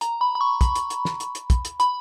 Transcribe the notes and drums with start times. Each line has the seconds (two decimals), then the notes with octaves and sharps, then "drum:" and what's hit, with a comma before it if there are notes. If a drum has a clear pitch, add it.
0.01 A#5, drum: hi-hat
0.21 B5
0.35 B5
0.41 C#6
0.61 B5, drum: kick, hi-hat
0.75 drum: hi-hat
0.90 drum: hi-hat
1.05 drum: snare
1.20 drum: hi-hat
1.35 drum: hi-hat
1.50 drum: kick, hi-hat
1.65 drum: hi-hat
1.80 B5, drum: hi-hat